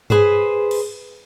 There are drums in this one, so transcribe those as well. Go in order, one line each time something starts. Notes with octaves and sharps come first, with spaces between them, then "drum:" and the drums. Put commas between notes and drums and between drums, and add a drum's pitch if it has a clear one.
G#4 B4 C5, drum: tom G2
drum: cymbal